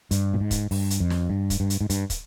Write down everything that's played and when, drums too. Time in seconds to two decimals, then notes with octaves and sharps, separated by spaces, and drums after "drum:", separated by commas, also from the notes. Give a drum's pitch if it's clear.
0.11 G2, drum: hi-hat
0.34 A#2
0.40 G#2
0.51 drum: kick, hi-hat
0.71 G2, drum: open hi-hat
0.90 drum: hi-hat
1.00 F2
1.10 drum: snare
1.30 G2
1.50 drum: kick, hi-hat
1.60 G2
1.70 drum: hi-hat
1.81 G#2
1.90 G2, drum: hi-hat
2.10 drum: kick, hi-hat